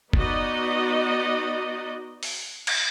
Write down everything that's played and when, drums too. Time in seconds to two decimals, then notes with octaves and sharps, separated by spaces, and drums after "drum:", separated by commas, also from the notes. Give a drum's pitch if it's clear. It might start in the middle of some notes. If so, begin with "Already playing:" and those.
0.13 B3 D#4 F#4 D5 D#5, drum: kick F#1
2.23 drum: open hi-hat
2.67 drum: cymbal